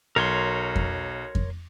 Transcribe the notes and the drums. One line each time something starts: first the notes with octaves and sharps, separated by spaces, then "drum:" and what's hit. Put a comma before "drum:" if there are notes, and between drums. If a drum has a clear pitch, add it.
B1 A#4 C#5 C6
drum: kick F2
drum: kick F2